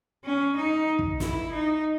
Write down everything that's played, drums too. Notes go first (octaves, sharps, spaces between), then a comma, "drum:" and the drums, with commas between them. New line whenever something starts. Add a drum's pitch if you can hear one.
C#4
D#4
drum: kick
E4, drum: snare
D#4